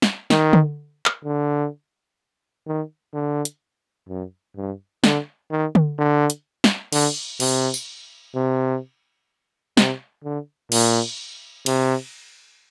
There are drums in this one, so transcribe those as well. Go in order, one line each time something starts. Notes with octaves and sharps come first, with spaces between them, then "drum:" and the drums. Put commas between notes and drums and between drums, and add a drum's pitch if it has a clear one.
drum: snare
D#3, drum: snare
drum: tom D3
drum: clap
D3
D#3
D3
drum: hi-hat
F#2
G2
D3, drum: snare
D#3
drum: tom D3
D3
drum: hi-hat
drum: snare
D3, drum: cymbal
C3, drum: cymbal
drum: tambourine
C3
C3, drum: snare
D3
A#2, drum: cymbal
C3, drum: cymbal